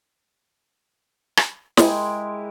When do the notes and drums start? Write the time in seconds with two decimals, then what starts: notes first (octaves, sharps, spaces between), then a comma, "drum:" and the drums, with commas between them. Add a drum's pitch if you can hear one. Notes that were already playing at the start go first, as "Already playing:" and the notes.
1.37 drum: rim click
1.77 G#3 E4 G4 A#4, drum: snare